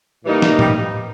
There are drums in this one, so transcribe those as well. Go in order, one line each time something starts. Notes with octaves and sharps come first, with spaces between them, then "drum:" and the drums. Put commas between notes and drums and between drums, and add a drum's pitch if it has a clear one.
A2 E3 G3 A#3 D#4
drum: snare
G3 G4, drum: tom A2